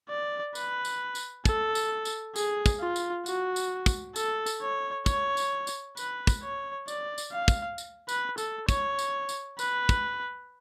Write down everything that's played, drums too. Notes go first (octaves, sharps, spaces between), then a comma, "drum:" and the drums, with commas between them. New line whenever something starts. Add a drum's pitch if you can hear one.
D5
B4, drum: tambourine
drum: tambourine
drum: tambourine
A4, drum: kick, tambourine
drum: tambourine
drum: tambourine
G#4, drum: tambourine
drum: kick, tambourine
F4
drum: tambourine
F#4, drum: tambourine
drum: tambourine
drum: kick, tambourine
A4, drum: tambourine
drum: tambourine
C#5
C#5, drum: kick, tambourine
drum: tambourine
drum: tambourine
B4, drum: tambourine
drum: kick, tambourine
C#5
D5, drum: tambourine
drum: tambourine
F5
drum: kick, tambourine
drum: tambourine
B4, drum: tambourine
A4, drum: tambourine
C#5, drum: kick, tambourine
drum: tambourine
drum: tambourine
B4, drum: tambourine
drum: kick, tambourine